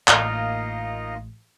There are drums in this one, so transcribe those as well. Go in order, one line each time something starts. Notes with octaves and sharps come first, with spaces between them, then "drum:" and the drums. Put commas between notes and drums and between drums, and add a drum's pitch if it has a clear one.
A1 A#3 D#4 F4 D#5, drum: clap